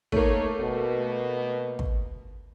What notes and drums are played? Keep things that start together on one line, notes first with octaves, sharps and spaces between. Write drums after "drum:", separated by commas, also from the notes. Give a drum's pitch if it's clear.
A3 A#3 D#4 C#5, drum: kick
B2
drum: kick